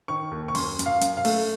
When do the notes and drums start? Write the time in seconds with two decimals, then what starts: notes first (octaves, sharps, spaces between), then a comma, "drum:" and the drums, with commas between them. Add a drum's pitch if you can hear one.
0.08 D#3 C#6
0.31 D#2
0.48 C#6
0.55 F#2 C6, drum: open hi-hat
0.79 F#2, drum: hi-hat
0.86 F5
1.01 F#2, drum: hi-hat
1.17 F5
1.25 A3, drum: open hi-hat